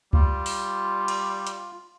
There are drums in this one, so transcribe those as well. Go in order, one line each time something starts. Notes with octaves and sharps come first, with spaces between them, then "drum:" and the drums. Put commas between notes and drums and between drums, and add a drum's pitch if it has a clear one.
G3 F4, drum: kick C#2
drum: open hi-hat
drum: cymbal
drum: hi-hat